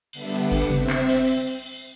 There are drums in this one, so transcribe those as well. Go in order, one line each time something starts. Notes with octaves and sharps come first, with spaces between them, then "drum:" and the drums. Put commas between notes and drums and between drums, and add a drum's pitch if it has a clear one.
D3 G3 B3 D4 E5, drum: cymbal
F#5
drum: kick G1, cymbal
C4 E5, drum: tom C3
drum: clap
drum: cymbal
drum: cymbal
drum: cymbal
drum: cymbal